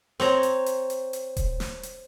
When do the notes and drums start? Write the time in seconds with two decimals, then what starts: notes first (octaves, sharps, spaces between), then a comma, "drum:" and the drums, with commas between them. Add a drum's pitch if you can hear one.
0.20 C4 C#5 A#5, drum: snare
0.43 drum: hi-hat
0.66 drum: hi-hat
0.90 drum: hi-hat
1.13 drum: hi-hat
1.37 drum: kick D#1, hi-hat
1.60 drum: snare
1.83 drum: hi-hat